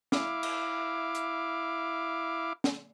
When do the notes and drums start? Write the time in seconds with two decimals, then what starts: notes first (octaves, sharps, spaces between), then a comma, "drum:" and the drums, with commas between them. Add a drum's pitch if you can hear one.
0.12 E4 F5 D6, drum: snare
0.43 drum: cymbal
1.15 drum: hi-hat
2.64 drum: snare